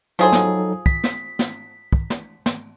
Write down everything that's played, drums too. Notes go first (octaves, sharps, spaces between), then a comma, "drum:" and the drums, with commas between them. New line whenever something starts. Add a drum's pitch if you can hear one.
F3 F#3 D#4 G#4 A4 C5
drum: snare
B6, drum: kick
drum: snare
drum: snare
drum: kick
drum: snare
drum: snare